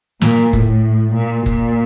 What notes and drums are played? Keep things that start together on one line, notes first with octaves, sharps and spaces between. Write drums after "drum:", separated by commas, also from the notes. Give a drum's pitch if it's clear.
A#2, drum: snare
A2, drum: kick F#1
A#2
A#2, drum: kick F#1